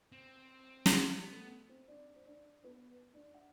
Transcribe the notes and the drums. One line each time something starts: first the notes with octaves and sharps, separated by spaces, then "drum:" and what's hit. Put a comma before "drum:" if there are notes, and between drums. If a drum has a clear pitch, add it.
C4
drum: snare
G3 B3 G4
A3 A4
C4 C5
D4 D5
C5
D4 D5
B3 B4
D4 D5
F#5